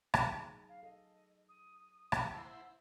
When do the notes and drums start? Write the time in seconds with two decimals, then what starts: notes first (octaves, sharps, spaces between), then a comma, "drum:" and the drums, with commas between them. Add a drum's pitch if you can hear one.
0.14 F#3 D#4 G#4, drum: rim click
0.68 F5
0.83 A4 D#5
1.48 D#6
2.12 E2 G#3, drum: rim click
2.33 E4 C5 F#5